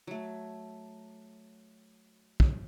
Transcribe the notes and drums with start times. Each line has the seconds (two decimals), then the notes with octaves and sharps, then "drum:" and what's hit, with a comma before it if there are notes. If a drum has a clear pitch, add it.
0.07 F#3 A3
2.40 drum: kick